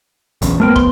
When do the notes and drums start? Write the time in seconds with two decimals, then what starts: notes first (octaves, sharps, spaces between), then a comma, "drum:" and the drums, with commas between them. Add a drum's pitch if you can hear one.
0.42 A#1 E2 C#3, drum: hi-hat
0.60 F2 A3 B3 A#4 G5
0.76 C6, drum: kick